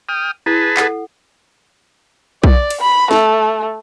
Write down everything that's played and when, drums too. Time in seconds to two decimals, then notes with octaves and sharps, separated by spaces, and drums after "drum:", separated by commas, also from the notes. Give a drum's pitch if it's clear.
0.09 G5 D#6 F6
0.46 E4 G#4 B4 A5
0.77 A4 F#5, drum: clap
2.44 D5, drum: kick B1
2.70 drum: cymbal
2.81 B5
3.11 A3, drum: snare